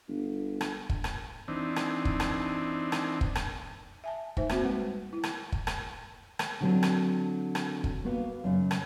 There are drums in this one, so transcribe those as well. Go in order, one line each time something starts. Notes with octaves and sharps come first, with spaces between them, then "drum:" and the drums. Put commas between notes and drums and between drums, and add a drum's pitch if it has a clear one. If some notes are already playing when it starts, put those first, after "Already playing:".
G1
drum: rim click
drum: kick
drum: rim click
E3 C4 D4 D#4
drum: rim click
drum: kick
drum: rim click
drum: rim click
drum: kick
drum: rim click
E5 G#5 A5
A3 D#4 C5 E5, drum: kick
A3 A#3 C4 F#4, drum: rim click
G3 G#3 A#3 B4
E4
drum: rim click
drum: kick
drum: rim click
drum: rim click
D3 F#3 C4
drum: rim click
drum: rim click
drum: kick
A#3 B3 F#4 F5
F#2 C#3
drum: rim click